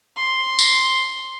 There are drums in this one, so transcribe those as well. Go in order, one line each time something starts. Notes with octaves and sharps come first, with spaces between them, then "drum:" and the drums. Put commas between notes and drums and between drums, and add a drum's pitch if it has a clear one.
C6
drum: tambourine